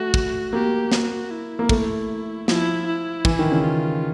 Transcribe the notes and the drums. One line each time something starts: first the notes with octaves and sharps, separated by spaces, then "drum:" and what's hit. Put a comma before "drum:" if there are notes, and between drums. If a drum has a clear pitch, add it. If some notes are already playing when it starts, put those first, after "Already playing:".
Already playing: A3 F#4
drum: kick
A#3 G4
F#4, drum: snare
E4
A#3
A3, drum: kick
F3 E4, drum: snare
E4
E3, drum: kick
D#3
C#3
F4